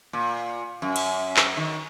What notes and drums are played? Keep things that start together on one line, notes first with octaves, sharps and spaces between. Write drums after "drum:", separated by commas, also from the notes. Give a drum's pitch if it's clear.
A#2
F#2
drum: cymbal
drum: clap
D#3